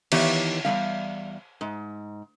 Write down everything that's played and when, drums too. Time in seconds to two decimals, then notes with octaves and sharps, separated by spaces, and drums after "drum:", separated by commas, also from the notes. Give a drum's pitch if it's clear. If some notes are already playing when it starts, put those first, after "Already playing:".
0.12 D#3 E3 B3 G4 C#5, drum: cymbal
0.65 E2 E3 G3 F5
1.61 G#2